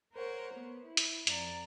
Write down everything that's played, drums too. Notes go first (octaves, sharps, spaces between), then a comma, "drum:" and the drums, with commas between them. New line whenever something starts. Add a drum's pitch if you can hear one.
A#4 C5 C#5 F#5
B3
E4
drum: hi-hat
F2 D5 A#5, drum: hi-hat